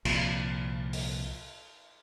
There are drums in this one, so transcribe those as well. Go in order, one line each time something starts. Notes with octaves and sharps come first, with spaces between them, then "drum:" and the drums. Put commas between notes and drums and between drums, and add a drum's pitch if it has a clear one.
C2 A#2 F3, drum: cymbal
drum: open hi-hat